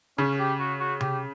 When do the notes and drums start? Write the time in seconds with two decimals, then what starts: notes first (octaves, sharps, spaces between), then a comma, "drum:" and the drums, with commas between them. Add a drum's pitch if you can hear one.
0.18 C#3 C#4
0.39 G4
0.59 F#4
0.80 F#4
1.01 G4, drum: tom C3